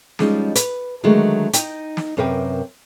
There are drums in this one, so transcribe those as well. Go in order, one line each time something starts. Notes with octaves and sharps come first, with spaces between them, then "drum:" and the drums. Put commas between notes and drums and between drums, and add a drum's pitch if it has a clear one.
F3 G3 G#3 C#4 D#4, drum: snare
B4, drum: hi-hat
D3 D#3 F#3 G#3 A3
D#4 G5, drum: hi-hat
drum: snare
F#2 C3 A#4 B4 G5